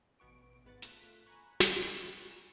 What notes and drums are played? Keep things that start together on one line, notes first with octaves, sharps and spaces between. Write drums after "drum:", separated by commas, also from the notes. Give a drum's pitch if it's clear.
A1 B2 B3 C#6 D7
G#1 G#2 B3 B4 F#5 A6
A3 F4 F#6 B6, drum: hi-hat
G#5 A#5 B5 C#6 F#6
drum: snare